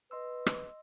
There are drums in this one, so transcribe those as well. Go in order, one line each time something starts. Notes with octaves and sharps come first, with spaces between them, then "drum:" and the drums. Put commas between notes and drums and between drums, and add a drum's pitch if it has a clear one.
B4 D#5 C6 E6
drum: rim click